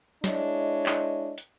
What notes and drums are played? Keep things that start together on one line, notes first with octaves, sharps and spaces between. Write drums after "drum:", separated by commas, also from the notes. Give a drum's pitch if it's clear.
G#3 D4 E4 C#5 D#5, drum: snare
drum: clap
drum: hi-hat